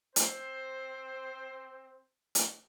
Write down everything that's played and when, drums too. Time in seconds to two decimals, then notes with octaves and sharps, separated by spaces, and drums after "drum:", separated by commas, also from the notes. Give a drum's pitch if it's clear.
0.16 C4 C5, drum: hi-hat
2.35 drum: hi-hat